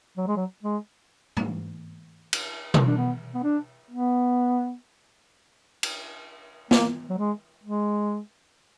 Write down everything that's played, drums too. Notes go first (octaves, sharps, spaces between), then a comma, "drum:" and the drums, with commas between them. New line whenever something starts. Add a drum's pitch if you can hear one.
F#3
G#3
F#3
G#3
drum: tom
drum: cymbal
drum: tom B2
D4
B3
B3
D4
B3
drum: cymbal
A#3, drum: snare
F#3
G#3
G#3